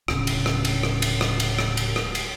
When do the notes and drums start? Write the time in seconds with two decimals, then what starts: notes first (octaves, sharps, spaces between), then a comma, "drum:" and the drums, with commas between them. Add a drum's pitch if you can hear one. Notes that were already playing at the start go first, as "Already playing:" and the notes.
0.08 D1 C#3, drum: rim click
0.27 drum: cymbal
0.46 drum: rim click
0.65 drum: cymbal
0.83 drum: rim click
1.02 drum: cymbal
1.21 drum: rim click
1.40 drum: cymbal
1.59 drum: rim click
1.77 drum: cymbal
1.96 drum: rim click
2.15 drum: cymbal